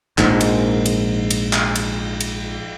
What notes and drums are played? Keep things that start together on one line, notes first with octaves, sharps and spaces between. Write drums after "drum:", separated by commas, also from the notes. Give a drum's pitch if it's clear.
A#1 G#2, drum: clap
drum: cymbal
drum: cymbal
drum: cymbal
drum: clap
drum: cymbal
drum: cymbal